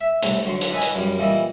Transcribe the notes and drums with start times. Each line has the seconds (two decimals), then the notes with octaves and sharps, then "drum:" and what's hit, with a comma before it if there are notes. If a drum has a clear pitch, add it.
0.01 E5
0.23 C2 A2, drum: hi-hat
0.45 D3 F#3 C6
0.61 drum: hi-hat
0.72 A4 B4 D#5 G#5
0.82 drum: hi-hat
0.95 F#2 G3
1.18 A#2 E3 G3 A4 D#5